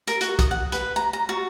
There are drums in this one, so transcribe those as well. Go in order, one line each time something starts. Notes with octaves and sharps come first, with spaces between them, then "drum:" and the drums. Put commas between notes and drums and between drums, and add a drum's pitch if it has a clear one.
A#4, drum: hi-hat
F#4, drum: hi-hat
D#6, drum: kick, hi-hat
F#5
B4, drum: hi-hat
A#5
A#5
F#4